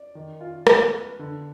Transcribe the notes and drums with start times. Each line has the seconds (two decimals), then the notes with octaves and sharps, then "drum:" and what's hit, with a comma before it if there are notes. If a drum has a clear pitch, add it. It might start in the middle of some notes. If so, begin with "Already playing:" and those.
Already playing: D5
0.15 D#3
0.41 F4
0.67 B3, drum: rim click
0.93 B4
1.19 D3